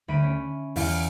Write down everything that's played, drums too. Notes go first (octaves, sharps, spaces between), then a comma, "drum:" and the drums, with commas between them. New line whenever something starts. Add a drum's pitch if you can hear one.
D2 B5 D7 D#7
C#4
E2 F5 G#5 C#7, drum: open hi-hat